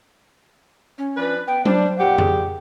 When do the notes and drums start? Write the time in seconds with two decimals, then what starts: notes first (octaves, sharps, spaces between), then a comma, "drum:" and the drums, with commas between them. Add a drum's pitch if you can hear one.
0.98 C#4
1.17 F3 D4 B4
1.47 B3 G5
1.65 G3 D4 C5, drum: tom F#3
1.98 F#2 A#2 G4 F#5
2.18 G#4, drum: tom F2